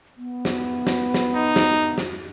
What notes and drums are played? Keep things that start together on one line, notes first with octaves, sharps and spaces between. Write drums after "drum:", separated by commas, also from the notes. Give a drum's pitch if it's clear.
B3
drum: snare
drum: snare
drum: snare
D#4
drum: snare
drum: snare